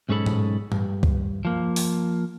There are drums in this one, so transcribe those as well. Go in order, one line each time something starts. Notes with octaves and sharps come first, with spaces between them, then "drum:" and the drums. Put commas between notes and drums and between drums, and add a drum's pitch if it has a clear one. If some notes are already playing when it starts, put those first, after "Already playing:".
B1 G#2 C#4 G#4 A4 B5
drum: tom A2
G2, drum: tom A2
drum: kick C#2
F3 A#3
drum: open hi-hat